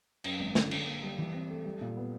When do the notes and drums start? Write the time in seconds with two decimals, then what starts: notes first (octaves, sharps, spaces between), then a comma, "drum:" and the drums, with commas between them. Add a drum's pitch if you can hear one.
0.24 F#2, drum: cymbal
0.40 G#1
0.55 D3, drum: snare
0.71 D3, drum: cymbal
0.87 A#3
1.03 G3
1.18 E3
1.34 C4
1.50 A3
1.65 G3
1.81 A#2
1.97 B3